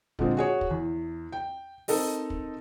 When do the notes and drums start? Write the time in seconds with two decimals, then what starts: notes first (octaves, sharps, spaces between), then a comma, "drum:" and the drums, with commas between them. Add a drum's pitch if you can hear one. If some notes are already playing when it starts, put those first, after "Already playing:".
0.19 A#2 D3 G#3 C4, drum: kick
0.37 F#4 G#4 C#5
0.61 drum: kick
0.71 E2
1.32 G5
1.88 C4 D#4 A4 A#4 D#5, drum: open hi-hat
2.30 drum: kick